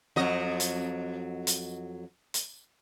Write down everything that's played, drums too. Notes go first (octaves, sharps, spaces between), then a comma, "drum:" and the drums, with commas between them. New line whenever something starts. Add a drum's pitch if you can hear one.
F2 F#3 D#5
drum: hi-hat
drum: hi-hat
drum: hi-hat